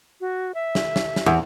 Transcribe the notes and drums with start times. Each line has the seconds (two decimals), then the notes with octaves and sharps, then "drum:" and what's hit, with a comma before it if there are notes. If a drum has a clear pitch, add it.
0.21 F#4
0.55 E5
0.75 drum: snare
0.96 drum: snare
1.16 drum: snare
1.26 E2